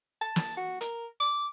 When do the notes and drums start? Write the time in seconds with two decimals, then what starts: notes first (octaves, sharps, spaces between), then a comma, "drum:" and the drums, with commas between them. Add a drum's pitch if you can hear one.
0.21 A5
0.36 drum: snare
0.57 F#4
0.81 A#4, drum: hi-hat
1.20 D6